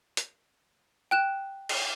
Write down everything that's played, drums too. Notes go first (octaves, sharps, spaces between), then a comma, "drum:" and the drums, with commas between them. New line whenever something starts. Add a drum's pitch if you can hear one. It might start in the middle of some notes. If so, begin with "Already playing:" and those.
drum: hi-hat
G5 F#6 E7
drum: cymbal